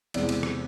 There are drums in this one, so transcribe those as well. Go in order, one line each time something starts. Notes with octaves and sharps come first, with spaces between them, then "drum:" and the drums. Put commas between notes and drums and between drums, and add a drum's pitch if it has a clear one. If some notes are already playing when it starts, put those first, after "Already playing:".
E2 C3 G#3 D5, drum: cymbal
drum: cymbal
drum: rim click